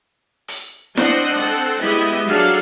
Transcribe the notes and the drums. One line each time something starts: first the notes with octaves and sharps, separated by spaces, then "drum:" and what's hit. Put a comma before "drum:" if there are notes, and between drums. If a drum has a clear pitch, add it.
drum: hi-hat
C4 D4 C5 D#5 F#5, drum: snare E4
C4 A4 F#5
G#3 B3 E4 G4 D#5 E5
F#3 D4 G#4 A4 F5 F#5